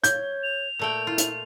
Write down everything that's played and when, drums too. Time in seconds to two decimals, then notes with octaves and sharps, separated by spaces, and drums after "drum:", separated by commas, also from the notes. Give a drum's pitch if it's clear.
0.04 C#5 G6, drum: hi-hat
0.43 F7
0.79 A#2 A3 G5
1.07 E4 F4
1.18 drum: hi-hat